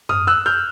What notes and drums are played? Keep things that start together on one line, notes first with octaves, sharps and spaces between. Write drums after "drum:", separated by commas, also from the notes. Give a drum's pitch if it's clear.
D#6 F6, drum: tom F#2
E6 F#6
F6 G6